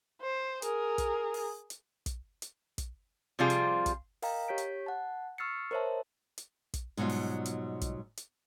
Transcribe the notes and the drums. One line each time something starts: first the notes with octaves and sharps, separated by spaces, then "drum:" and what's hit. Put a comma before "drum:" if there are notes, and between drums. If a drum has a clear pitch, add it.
C5
G#4 A#4, drum: hi-hat
drum: kick, hi-hat
drum: open hi-hat
drum: hi-hat
drum: kick, hi-hat
drum: hi-hat
drum: kick, hi-hat
C3 F3 G3 F4 G#4
drum: hi-hat
drum: kick, hi-hat
A#4 D#5 F5 G5 A#5, drum: open hi-hat
G4 C#5 G6 B6 D7
drum: hi-hat
F#5 A5
C#6 E6 F6 A6 C7 C#7
A#4 C5 C#5 D#5 E5 A5
drum: hi-hat
drum: kick, hi-hat
G#2 B2 F#3 G3 F4
drum: open hi-hat
drum: hi-hat
drum: kick, hi-hat
drum: hi-hat